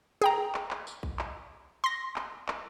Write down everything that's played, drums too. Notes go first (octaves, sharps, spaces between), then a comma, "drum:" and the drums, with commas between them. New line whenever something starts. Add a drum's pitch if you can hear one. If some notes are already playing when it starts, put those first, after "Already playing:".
G#4 G5 A#5
drum: clap
drum: clap
drum: tambourine
drum: kick A#1
drum: clap
C6 A#6
drum: clap
drum: clap